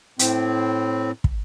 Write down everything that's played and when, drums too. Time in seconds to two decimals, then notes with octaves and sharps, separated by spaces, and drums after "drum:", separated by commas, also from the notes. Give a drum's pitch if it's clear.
0.19 A2 C4, drum: hi-hat
1.24 drum: kick